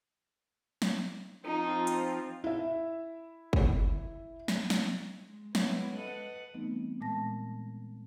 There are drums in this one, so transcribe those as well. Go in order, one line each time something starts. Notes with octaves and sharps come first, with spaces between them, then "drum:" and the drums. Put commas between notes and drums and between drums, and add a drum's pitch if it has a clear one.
drum: snare
F3 C4 D#4 F4
drum: hi-hat
E4 E5
drum: kick
drum: snare
drum: snare
G#3
G#3 B3 C#4 E4, drum: snare
A4 B4 D#5 F#5
E3 G3 A3 B3 C4 D#4
A#2 G#3 A5 A#6